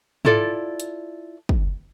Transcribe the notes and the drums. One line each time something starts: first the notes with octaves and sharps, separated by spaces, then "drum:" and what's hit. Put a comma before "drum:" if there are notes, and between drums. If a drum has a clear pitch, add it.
E4 F4 A4 D5, drum: tom G#2
drum: hi-hat
drum: kick